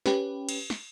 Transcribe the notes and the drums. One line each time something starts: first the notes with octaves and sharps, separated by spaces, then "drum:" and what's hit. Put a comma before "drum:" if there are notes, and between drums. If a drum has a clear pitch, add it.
C#4 G4 B4, drum: snare
drum: cymbal
drum: snare